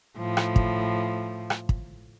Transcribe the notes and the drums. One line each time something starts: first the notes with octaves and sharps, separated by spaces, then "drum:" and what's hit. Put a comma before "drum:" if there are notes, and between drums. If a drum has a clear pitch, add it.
A2 F3
drum: rim click
drum: kick
drum: rim click
drum: kick